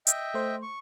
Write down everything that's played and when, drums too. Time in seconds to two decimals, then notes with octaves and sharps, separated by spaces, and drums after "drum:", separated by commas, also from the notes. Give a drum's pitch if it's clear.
0.07 D#5 E5 G5, drum: hi-hat
0.34 A3 C5
0.62 C#6